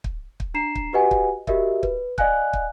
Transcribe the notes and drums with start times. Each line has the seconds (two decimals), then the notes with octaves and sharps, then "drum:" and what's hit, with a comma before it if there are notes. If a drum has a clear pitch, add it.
0.04 drum: kick
0.40 drum: kick
0.54 D4 A#5 C7 E7
0.75 drum: kick
0.93 F#4 G4 B4 D#5 F#5 G#5
1.11 drum: kick
1.47 F#4 G4 A#4 D#5 E5, drum: kick
1.83 B4, drum: kick
2.18 D5 D#5 F5 G#5 F#6, drum: kick
2.53 drum: kick